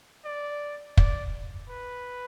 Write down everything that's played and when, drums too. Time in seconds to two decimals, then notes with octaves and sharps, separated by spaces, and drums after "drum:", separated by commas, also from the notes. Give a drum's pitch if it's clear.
0.25 D5
0.97 D5, drum: kick
1.69 B4